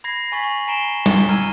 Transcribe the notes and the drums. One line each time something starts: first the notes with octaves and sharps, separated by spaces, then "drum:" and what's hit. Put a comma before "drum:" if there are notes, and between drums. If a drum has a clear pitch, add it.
B5 G#6 A#6 C7
G#5 B5 C#6 A6 B6 F#7
C#6
G#5 A#5 C7 D7 E7 G7
G7, drum: tom G3
A#5 E6 F6 G#6 D#7 G7